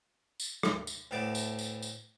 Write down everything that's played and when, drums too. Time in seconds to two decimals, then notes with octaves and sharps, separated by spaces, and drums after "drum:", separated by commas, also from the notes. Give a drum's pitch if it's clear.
0.40 drum: tambourine
0.63 drum: rim click
0.87 drum: tambourine
1.11 D2 A2 A3 B3 A5 D6
1.35 drum: tambourine
1.59 drum: tambourine
1.82 drum: tambourine